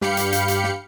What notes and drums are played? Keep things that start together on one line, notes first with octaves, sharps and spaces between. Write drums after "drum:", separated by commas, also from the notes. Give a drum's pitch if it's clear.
G2 G4 F5 B5 G6 C#7, drum: snare
drum: hi-hat
drum: hi-hat
drum: hi-hat
drum: snare